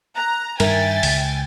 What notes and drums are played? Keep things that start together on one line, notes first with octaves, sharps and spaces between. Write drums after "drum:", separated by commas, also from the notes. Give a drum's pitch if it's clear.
A#5 F#6
G2 D#3 A#4 E5 G5 G#5 A6, drum: cymbal
C#2, drum: open hi-hat